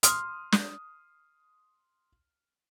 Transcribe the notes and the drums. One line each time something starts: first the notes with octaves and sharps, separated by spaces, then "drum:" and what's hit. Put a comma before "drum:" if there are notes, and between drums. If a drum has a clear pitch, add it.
C6 D#6 F6, drum: hi-hat
drum: snare